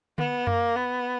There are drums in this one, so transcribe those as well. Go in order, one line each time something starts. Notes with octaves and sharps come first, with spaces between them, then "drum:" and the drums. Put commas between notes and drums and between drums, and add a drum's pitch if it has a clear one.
B3, drum: tom D3
A#3, drum: tom F#2
B3